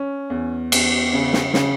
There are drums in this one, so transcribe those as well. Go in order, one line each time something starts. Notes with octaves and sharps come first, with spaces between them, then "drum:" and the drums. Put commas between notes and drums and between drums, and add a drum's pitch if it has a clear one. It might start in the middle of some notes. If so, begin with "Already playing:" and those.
Already playing: C#4
E2
E2, drum: cymbal
C#3
drum: snare
C#3, drum: snare